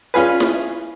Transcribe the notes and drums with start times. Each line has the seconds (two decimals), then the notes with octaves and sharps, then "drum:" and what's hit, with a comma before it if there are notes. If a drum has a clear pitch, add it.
0.14 C#4 F4 G#4 B4
0.40 drum: snare E4